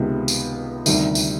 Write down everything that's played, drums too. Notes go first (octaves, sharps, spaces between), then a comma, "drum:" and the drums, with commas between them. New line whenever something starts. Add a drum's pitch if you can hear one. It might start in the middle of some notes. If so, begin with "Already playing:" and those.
Already playing: C#2 C3 D#3 G#3 B3
drum: tambourine
D2 C3 D#3 G3, drum: tambourine
drum: tambourine